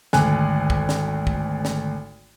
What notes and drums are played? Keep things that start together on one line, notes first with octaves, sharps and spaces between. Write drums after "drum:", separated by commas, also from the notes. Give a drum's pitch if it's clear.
G#1 D2 G#5 F#6, drum: snare
drum: kick
drum: snare
drum: kick
drum: snare